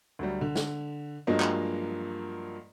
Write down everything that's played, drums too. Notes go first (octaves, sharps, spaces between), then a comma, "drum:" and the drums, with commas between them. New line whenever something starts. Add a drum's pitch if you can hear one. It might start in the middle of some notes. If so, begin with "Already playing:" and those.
D2 F#3 G3
D3
drum: snare
G2 F3 F#3 G#3 A#3 D#5
drum: clap